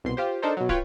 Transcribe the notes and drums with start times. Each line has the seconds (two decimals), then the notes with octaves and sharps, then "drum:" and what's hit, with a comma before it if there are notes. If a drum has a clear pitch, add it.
0.04 C2 B2 C6
0.17 F4 G4 C5
0.42 D4 D#4 A4 A#4 C5
0.57 B2 F#3
0.69 F4 B4 C#5 G5 B5, drum: kick